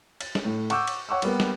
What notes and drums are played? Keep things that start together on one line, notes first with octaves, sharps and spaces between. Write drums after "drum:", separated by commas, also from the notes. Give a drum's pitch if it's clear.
A6, drum: cymbal
drum: snare
A2
F#5 C#6 D6 E6 G6, drum: cymbal
drum: cymbal
C#5 F#5 C#6 D6 E6
G3 A#3 B3 G4, drum: cymbal
drum: snare